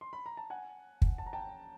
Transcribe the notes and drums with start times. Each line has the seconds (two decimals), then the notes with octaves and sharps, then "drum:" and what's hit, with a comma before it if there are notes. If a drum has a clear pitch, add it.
0.01 C6
0.13 B5
0.26 A#5
0.37 A5
0.50 F#5 G#5
1.02 drum: kick
1.18 A5
1.26 A#5
1.33 G5 A5